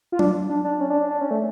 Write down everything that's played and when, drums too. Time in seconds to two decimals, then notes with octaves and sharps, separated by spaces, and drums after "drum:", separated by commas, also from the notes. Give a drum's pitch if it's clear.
0.12 F4
0.19 D4, drum: tom F#3
0.49 D4
0.65 D4
0.80 C#4
0.90 D4
1.00 D4
1.11 D4
1.21 C#4
1.31 A3